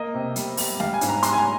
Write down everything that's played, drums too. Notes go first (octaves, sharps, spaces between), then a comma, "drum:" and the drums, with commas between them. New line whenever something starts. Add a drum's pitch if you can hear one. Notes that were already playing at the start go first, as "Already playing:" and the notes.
Already playing: A#3 D#5
C3
G3, drum: hi-hat
G3, drum: open hi-hat
G3 F5, drum: snare
G#5
G#2, drum: hi-hat
A#5
G3 C6, drum: hi-hat
G#5
A#5